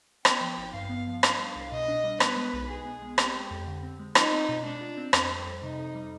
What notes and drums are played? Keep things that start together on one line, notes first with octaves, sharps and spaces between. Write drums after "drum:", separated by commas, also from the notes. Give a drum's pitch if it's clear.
B3 G5, drum: rim click
F3
G#1
G2 F5
B3
F3
D4 F5, drum: rim click
G3
C2
B2 D#5
D4
G3
B3 B4, drum: rim click
G#3
B1
B2 G#4
B3
G#3
C4 G4, drum: rim click
G#3
F2
D3
C4
G#3
D#4 F4, drum: rim click
C4
B2
G#3 D4
F4
C4
F2 C4, drum: rim click
G3
F2
C3 D#4
F2
G3